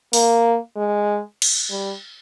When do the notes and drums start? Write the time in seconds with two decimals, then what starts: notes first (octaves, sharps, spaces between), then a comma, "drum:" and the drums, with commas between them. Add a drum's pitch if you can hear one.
0.13 A#3, drum: open hi-hat
0.76 G#3
1.42 drum: cymbal
1.71 G3